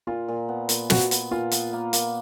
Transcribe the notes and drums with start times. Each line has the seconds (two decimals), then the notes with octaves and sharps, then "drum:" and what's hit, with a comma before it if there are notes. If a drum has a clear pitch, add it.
0.07 A#2 F4
0.28 A#2
0.49 B3
0.69 A#2, drum: hi-hat
0.90 B3 F#4, drum: snare
1.11 B3, drum: hi-hat
1.31 A#2 F4
1.51 B3, drum: hi-hat
1.73 A#3
1.93 A#3, drum: hi-hat